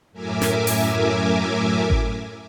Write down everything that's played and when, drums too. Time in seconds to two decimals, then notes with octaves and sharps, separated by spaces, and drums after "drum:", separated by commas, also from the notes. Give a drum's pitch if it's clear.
0.12 F#2 A2 A#4 E5 G#5 D6
0.42 drum: snare
0.67 drum: open hi-hat
1.90 drum: kick G#1